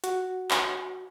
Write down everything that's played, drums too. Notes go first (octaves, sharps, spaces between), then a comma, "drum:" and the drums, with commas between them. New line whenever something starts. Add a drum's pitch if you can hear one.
F#4, drum: hi-hat
drum: clap